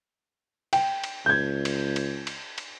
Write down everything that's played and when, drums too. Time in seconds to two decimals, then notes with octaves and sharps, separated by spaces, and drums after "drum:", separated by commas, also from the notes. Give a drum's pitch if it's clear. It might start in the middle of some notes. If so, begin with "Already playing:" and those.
0.73 G5, drum: cymbal
1.04 drum: cymbal
1.26 C#2 G6 G#6
1.65 drum: cymbal
1.96 drum: cymbal
2.27 drum: cymbal
2.58 drum: cymbal